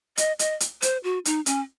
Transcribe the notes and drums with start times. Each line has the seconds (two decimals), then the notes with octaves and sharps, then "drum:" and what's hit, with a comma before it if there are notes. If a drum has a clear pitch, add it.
0.17 D#5, drum: hi-hat
0.39 D#5, drum: hi-hat
0.60 drum: hi-hat
0.82 C5, drum: hi-hat
1.04 F#4
1.25 D#4, drum: hi-hat
1.46 C#4, drum: hi-hat